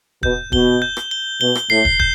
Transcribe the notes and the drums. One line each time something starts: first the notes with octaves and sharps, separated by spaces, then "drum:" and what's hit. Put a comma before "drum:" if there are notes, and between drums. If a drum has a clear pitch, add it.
B2 G6, drum: kick
B2 G7, drum: kick
G6
drum: rim click
G7
B2 G7
drum: rim click
A2 C7
drum: kick
G6, drum: kick